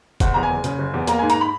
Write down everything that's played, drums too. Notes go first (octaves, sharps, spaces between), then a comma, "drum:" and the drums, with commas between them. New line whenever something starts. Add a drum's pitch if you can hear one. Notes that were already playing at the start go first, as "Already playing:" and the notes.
F#1 F#5, drum: kick, hi-hat
E2 A#5
G#5
F#1
C#3, drum: hi-hat
F#1
E2
A#3 A#5, drum: hi-hat
G#2 G#5
A#5, drum: hi-hat
B5